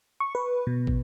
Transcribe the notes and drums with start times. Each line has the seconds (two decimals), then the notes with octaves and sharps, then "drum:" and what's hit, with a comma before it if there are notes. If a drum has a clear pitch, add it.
0.20 C#6
0.35 B4
0.67 B2
0.87 drum: kick